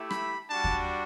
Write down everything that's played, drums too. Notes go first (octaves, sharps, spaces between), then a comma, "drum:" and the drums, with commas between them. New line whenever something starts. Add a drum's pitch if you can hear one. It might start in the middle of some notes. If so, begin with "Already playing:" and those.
Already playing: A3 E4 G4
B5, drum: rim click
G3 D4 F#4 A5
drum: kick D#2